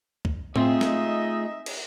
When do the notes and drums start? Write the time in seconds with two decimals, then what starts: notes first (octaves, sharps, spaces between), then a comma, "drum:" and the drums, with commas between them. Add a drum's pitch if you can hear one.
0.25 drum: kick
0.56 A3 C4 D#4 F4 G#4 D#5 E5, drum: tom A2
0.81 drum: snare
1.66 drum: cymbal